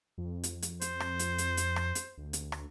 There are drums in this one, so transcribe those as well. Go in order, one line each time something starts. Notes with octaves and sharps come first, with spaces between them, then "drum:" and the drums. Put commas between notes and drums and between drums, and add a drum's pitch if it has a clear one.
F2
drum: hi-hat
drum: hi-hat
C5, drum: hi-hat
drum: rim click
drum: hi-hat
drum: hi-hat
drum: hi-hat
drum: rim click
drum: hi-hat
D2
drum: hi-hat
drum: rim click